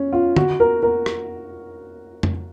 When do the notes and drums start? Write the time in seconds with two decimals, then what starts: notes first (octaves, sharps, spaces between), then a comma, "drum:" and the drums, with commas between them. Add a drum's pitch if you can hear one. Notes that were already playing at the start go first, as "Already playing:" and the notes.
Already playing: C#4
0.13 F4
0.36 F#4, drum: tom D3
0.60 A#4
0.83 A#4
1.06 drum: rim click
2.23 drum: tom